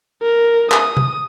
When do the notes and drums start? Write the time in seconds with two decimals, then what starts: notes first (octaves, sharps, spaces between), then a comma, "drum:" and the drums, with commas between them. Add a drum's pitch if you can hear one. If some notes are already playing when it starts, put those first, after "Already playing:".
0.22 A#4
0.71 D#6, drum: clap
0.97 drum: tom C3